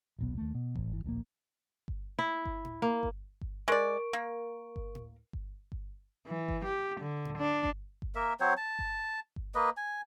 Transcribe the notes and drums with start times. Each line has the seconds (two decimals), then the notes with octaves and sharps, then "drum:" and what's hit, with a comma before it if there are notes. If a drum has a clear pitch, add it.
0.19 D#1 B1 B3
0.38 D#2 A3
0.55 B2
0.76 A1, drum: kick G1
0.92 G#1 E3
1.04 D1 A#1 A3 A#3
1.88 drum: kick G1
2.19 E4
2.45 drum: kick G1
2.65 drum: tom A2
2.82 A#3
3.03 drum: kick G1
3.41 drum: kick G1
3.68 G#3 A#4 D5 C#6 D7
4.13 A#3
4.76 drum: kick G1
4.95 drum: tom A2
5.33 drum: kick G1
5.72 drum: kick G1
6.26 E3
6.48 drum: kick G1
6.64 G4
6.99 D3
7.25 drum: tom A2
7.38 D4
7.64 drum: kick G1
8.02 drum: kick G1
8.15 A#3 A#4 E5
8.40 F#3 C4 C5 C#5
8.57 A5
8.79 drum: kick G1
9.36 drum: kick G1
9.55 A#3 B4 D#5
9.77 G#5